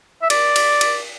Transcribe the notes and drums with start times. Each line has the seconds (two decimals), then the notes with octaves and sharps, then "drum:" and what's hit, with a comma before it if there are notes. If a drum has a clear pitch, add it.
0.22 E5
0.30 D5, drum: cymbal
0.56 drum: cymbal
0.81 drum: cymbal